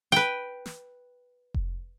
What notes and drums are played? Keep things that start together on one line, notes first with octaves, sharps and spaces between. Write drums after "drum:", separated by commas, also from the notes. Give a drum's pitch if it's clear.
B4 G5, drum: snare
drum: snare
drum: kick F1